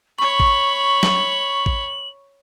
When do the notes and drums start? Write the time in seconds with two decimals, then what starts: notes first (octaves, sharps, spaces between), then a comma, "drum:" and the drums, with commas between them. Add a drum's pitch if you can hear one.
0.19 C#5 B5 C#6 F#7
0.40 drum: kick A1
1.03 drum: snare
1.66 drum: kick A1